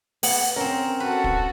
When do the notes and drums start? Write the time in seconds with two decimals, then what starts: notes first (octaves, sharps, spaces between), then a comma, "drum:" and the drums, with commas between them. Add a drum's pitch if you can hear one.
0.23 B3 F#5, drum: open hi-hat
0.56 C4 C#4 A#4
1.00 F#4 A4 B4
1.24 drum: kick